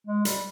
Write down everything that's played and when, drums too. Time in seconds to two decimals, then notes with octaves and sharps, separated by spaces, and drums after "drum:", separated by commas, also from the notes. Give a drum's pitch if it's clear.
0.07 G#3
0.25 G3, drum: hi-hat